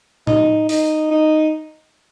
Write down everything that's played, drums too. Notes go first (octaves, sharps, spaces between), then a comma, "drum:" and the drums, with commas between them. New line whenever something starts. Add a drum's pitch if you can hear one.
D#4, drum: tom A2
D#4, drum: open hi-hat
D#4